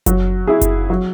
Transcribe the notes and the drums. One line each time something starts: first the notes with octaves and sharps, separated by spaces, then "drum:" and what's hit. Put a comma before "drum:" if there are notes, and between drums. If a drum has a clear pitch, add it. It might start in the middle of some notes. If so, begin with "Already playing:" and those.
F#3, drum: kick F#1, hi-hat
E4 G#4
drum: kick F#1, hi-hat
F#3